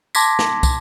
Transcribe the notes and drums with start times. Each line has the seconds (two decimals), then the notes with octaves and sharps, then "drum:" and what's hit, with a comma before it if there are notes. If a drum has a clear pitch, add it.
0.15 A5 C6 D6 G#6 A#6 B6, drum: tambourine
0.39 drum: snare
0.63 drum: kick, tambourine